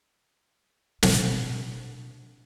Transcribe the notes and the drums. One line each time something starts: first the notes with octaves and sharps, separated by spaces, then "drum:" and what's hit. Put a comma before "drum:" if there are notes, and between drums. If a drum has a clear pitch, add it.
B2 D4, drum: snare